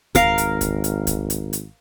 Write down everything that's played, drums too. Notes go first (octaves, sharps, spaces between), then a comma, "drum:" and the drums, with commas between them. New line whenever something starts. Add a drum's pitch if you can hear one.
G#1 A#4 F5, drum: kick C#2, hi-hat
drum: hi-hat
drum: kick C#2, hi-hat
drum: hi-hat
drum: kick C#2, hi-hat
drum: hi-hat
drum: hi-hat